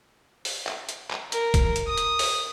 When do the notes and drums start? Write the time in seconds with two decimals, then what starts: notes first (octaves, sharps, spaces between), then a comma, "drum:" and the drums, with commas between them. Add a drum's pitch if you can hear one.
0.45 drum: open hi-hat
0.67 drum: clap
0.89 drum: hi-hat
1.10 drum: clap
1.32 A#4, drum: hi-hat
1.54 drum: kick, hi-hat
1.76 drum: hi-hat
1.88 D#6
1.98 drum: hi-hat
2.19 drum: open hi-hat